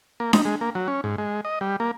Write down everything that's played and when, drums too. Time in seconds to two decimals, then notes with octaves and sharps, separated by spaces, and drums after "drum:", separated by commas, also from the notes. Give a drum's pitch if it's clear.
0.20 A#3
0.33 D#4, drum: snare D4
0.45 G#3
0.61 A#3
0.75 F#3
0.88 C#4
1.04 G#2
1.18 G#3
1.45 D#5
1.61 G3
1.80 A#3